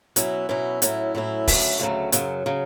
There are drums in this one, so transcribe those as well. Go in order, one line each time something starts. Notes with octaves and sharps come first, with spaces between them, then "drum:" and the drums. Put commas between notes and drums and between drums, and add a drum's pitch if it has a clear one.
B2 F#3 C#4 E4, drum: hi-hat
B2 F#3 C#4 E4
A2 F#3 C#4 E4, drum: hi-hat
A2 F#3 C#4 E4
D2 C#3 F#3 A3, drum: kick E1, open hi-hat
D2 C#3 F#3 A3
F#2 C#3 F#3, drum: hi-hat
C#3 F#3